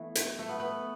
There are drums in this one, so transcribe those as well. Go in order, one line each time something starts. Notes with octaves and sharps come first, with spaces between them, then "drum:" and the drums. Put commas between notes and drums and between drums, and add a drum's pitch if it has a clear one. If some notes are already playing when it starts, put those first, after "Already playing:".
Already playing: E3 A3 B3
drum: hi-hat
A3
B3
B3